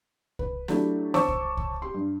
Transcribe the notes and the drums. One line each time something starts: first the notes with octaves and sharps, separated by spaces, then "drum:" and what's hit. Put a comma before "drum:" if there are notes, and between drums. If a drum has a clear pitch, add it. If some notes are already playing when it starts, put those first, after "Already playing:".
B4, drum: kick C2
F#3 A3 D4 E4 G4, drum: snare
C5 C#5 A5 C#6 D6 E6, drum: snare
drum: kick C2
drum: kick C2
G4 C6
G2